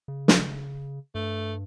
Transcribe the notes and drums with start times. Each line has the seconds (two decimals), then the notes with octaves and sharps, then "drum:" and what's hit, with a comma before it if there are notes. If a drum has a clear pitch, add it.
0.08 C#3
0.28 drum: snare
1.15 G2 A3